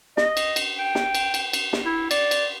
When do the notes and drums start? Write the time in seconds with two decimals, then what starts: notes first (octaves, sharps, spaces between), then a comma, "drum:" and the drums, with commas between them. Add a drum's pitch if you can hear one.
0.17 D#5, drum: snare
0.37 drum: cymbal
0.56 drum: cymbal
0.79 G5
0.95 drum: snare
1.15 drum: cymbal
1.34 drum: cymbal
1.53 drum: cymbal
1.73 drum: snare
1.86 E4
2.11 D5, drum: cymbal
2.31 drum: cymbal